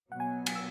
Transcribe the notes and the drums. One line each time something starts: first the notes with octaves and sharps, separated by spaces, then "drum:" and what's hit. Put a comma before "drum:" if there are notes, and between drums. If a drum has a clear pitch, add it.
B2 F#3 B3 F#5
G#5
G#5, drum: cymbal
E6